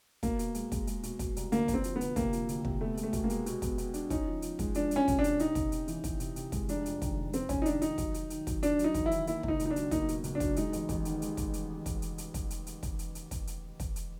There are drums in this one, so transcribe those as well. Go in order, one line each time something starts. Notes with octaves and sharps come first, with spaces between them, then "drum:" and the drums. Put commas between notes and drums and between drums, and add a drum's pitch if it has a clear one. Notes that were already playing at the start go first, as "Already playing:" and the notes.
B2 A#3, drum: kick, hi-hat
B2, drum: hi-hat
G#3, drum: hi-hat
G#3, drum: kick, hi-hat
G#3, drum: hi-hat
B2, drum: hi-hat
B2, drum: kick, hi-hat
C2, drum: hi-hat
D2 A#3, drum: hi-hat
D2, drum: kick, hi-hat
C4
F3, drum: hi-hat
B3
D2, drum: hi-hat
C3 A#3, drum: kick, hi-hat
F3, drum: hi-hat
D2, drum: hi-hat
C3, drum: kick
A3 B3
G#3, drum: hi-hat
A3
B2, drum: kick, hi-hat
A#3
G#3, drum: hi-hat
B2, drum: hi-hat
B3, drum: kick, hi-hat
B3, drum: hi-hat
D4, drum: hi-hat
C#4 D#4, drum: kick, hi-hat
F3
F3, drum: hi-hat
G#3, drum: kick, hi-hat
F3 D4, drum: hi-hat
G#3, drum: hi-hat
C#4
C3, drum: kick, hi-hat
D4
C#4, drum: hi-hat
C3 D#4, drum: hi-hat
C3, drum: kick, hi-hat
C3, drum: hi-hat
E3, drum: hi-hat
E3, drum: kick, hi-hat
C3, drum: hi-hat
C3, drum: hi-hat
G#3, drum: kick, hi-hat
F1 D4, drum: hi-hat
F2, drum: hi-hat
D#3, drum: kick, hi-hat
F1
F1 C4, drum: hi-hat
F1 C#4, drum: kick, hi-hat
D#4
D#3 D4, drum: hi-hat
D#3 D#4, drum: hi-hat
F#3, drum: kick, hi-hat
F#3, drum: hi-hat
D#3, drum: hi-hat
F#3, drum: kick, hi-hat
F#3 D4, drum: hi-hat
F#3, drum: hi-hat
D#4
E2, drum: kick, hi-hat
E4
D#3, drum: hi-hat
A#3 E4, drum: hi-hat
C#2 D#4, drum: kick
C#2, drum: hi-hat
D#4
D4
F#3, drum: hi-hat
A#3 D#4, drum: kick, hi-hat
B2, drum: hi-hat
C#2, drum: hi-hat
D4
F#3, drum: kick, hi-hat
G#3 D#4, drum: hi-hat
A1, drum: hi-hat
A1, drum: kick, hi-hat
D#3, drum: hi-hat
G#3, drum: hi-hat
drum: kick, hi-hat
drum: hi-hat
drum: kick, hi-hat
drum: hi-hat
drum: hi-hat
drum: kick, hi-hat
drum: hi-hat
drum: hi-hat
drum: kick, hi-hat
drum: hi-hat
drum: hi-hat
drum: kick, hi-hat
drum: hi-hat
drum: kick, hi-hat
drum: hi-hat